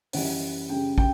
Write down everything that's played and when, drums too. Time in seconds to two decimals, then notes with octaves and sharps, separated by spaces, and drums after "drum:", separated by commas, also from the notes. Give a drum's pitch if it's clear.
0.13 F#2 E3 G3 F#5, drum: open hi-hat
0.69 F#2 C#3 G3 G5
0.98 G5, drum: kick